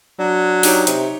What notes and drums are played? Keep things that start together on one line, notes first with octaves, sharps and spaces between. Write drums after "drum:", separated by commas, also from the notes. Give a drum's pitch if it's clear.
F#3 D4
D#4 G4 C#5, drum: open hi-hat
C3, drum: hi-hat